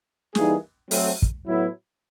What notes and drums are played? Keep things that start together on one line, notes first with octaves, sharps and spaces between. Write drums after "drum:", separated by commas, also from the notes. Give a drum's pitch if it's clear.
E3 G3 A#3 D#4 G#4, drum: snare
F#3 A3 C4, drum: open hi-hat
drum: kick
A2 F#3 B3 E4